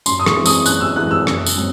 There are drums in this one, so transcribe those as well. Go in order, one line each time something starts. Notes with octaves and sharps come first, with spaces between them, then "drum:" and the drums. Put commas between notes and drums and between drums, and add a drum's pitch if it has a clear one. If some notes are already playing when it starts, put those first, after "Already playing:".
F#2 C6, drum: tambourine
D#6
C#6, drum: rim click
E3 G#3 C4
D#6, drum: tambourine
F#2 F#6, drum: tambourine
E6
E3 G#3 C4 F#6
E6
F#1, drum: rim click
drum: tambourine
F#3 C4